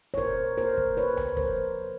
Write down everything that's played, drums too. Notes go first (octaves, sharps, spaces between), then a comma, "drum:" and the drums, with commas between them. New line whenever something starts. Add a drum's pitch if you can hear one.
C#5
A#2 A#4 C5, drum: kick
A#3 A#4 C5
drum: kick
A#2 B4 C#5
drum: tom D2
F3 A#4 C5, drum: kick
C3